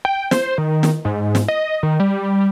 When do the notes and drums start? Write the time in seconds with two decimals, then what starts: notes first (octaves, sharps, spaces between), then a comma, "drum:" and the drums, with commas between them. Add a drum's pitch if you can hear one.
0.05 G5
0.31 C5, drum: snare
0.58 D#3
0.83 drum: snare
1.05 G#2
1.35 drum: snare
1.48 D#5
1.83 D#3
2.00 G3